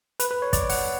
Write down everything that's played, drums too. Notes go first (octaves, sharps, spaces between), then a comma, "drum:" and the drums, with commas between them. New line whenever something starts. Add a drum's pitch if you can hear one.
B4, drum: hi-hat
B4
C#5
D5, drum: kick, hi-hat
F#5, drum: open hi-hat